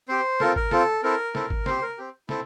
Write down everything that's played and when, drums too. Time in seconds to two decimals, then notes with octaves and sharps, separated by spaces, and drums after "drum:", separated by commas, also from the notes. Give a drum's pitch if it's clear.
0.08 C4 G4 C5
0.40 C4 F4 A4 A#4, drum: snare
0.56 A#4, drum: kick G#1
0.71 C4 F4 A4, drum: snare
1.03 C4 E4 A4 A#4
1.35 C4 E4 A4, drum: snare
1.50 drum: kick G#1
1.66 C4 G4 C5, drum: snare
1.82 A#4
1.98 C4 G4
2.29 C4 E4 A4, drum: snare